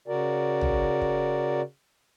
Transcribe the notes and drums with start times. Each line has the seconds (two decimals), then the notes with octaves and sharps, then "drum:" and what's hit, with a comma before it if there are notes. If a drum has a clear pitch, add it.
0.08 C#3 F#4 A#4 D5
0.61 drum: tom
1.01 drum: kick